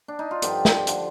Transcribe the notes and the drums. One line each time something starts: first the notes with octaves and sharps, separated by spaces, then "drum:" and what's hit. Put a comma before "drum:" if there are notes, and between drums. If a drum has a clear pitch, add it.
D4
D#4
F4
G2 D3 F3 G4, drum: hi-hat
drum: snare
D3 F3, drum: hi-hat